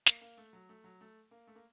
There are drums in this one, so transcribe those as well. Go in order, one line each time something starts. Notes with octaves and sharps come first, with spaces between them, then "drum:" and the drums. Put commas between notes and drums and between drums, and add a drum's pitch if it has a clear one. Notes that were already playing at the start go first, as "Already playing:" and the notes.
A#3, drum: snare
A#3
A3
F#3
A3
F#3
A3
A#3
A3
A#3